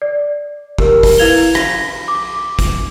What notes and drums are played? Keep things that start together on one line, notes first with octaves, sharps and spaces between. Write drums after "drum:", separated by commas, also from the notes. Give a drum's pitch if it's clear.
D5
G4 A#4, drum: kick
drum: kick, open hi-hat
E4 B4 F5 G#6 F7 G7
A#6, drum: rim click
D6
drum: kick, hi-hat